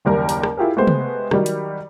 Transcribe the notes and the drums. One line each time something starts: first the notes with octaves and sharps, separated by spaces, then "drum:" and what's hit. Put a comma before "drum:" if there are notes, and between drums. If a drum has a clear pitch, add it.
F#1 D#2 G3 A#4
drum: hi-hat
drum: rim click
E4 F4 G4 G#4 A#4
G#3 A3 B3 G4 C5
drum: tom
D#3 F#3 G3, drum: rim click
drum: hi-hat